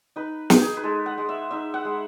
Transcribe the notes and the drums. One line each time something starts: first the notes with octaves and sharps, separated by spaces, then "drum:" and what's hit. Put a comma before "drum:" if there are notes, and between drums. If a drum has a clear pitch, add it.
D#4 B4
D#4, drum: snare
G#4
B4
G#3 A4
F#5
G#3
E5
D#4 E5
F#5
G#3